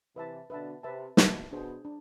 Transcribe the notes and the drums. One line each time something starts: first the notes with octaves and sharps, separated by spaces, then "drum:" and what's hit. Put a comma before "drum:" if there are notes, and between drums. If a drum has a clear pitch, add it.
C3 E3 B4 E5 A5
B2 D3 B4 E5 A5
C3 B4 E5 A5
B2 B4 E5 A5, drum: snare
B2 D4 G#4 C5
D4